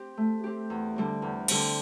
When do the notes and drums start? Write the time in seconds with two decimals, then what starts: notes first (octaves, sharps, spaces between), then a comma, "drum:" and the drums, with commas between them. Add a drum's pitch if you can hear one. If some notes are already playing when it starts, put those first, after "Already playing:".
Already playing: C4 G4
0.18 A3
0.44 C4 G4
0.70 E2
0.96 D3 G3 C4
1.22 E2
1.48 D3 G3 C4, drum: cymbal